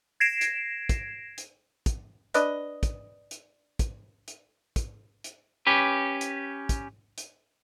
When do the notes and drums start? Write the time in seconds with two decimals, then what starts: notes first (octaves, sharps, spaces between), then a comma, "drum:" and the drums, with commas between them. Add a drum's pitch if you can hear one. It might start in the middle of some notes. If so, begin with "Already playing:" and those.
0.20 G#6 A#6 C7 D7 E7
0.41 drum: hi-hat
0.89 drum: kick, hi-hat
1.38 drum: hi-hat
1.86 drum: kick, hi-hat
2.34 D4 B4 D#5, drum: hi-hat
2.83 drum: kick, hi-hat
3.31 drum: hi-hat
3.79 drum: kick, hi-hat
4.28 drum: hi-hat
4.76 drum: kick, hi-hat
5.24 drum: hi-hat
5.66 C#4 G4 B4
6.21 drum: hi-hat
6.69 drum: kick, hi-hat
7.18 drum: hi-hat